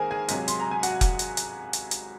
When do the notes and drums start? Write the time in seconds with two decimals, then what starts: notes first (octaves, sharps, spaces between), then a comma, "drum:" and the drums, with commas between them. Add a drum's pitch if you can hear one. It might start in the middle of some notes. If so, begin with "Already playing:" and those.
Already playing: G#2 D#3 A#3 G#4 A#4 C5 G#5 A#5
0.11 G#4 G#5
0.28 C#2 C3 F#3, drum: hi-hat
0.48 C6, drum: hi-hat
0.60 A#5
0.71 G#5
0.83 F#4 F#5, drum: hi-hat
1.01 drum: kick F1, hi-hat
1.19 drum: hi-hat
1.37 drum: hi-hat
1.73 drum: hi-hat
1.91 drum: hi-hat